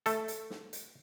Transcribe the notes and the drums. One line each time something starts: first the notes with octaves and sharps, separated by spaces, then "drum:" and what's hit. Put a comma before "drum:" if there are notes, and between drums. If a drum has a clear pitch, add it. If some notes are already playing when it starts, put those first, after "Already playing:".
A3 A4, drum: hi-hat
drum: hi-hat
drum: snare
drum: hi-hat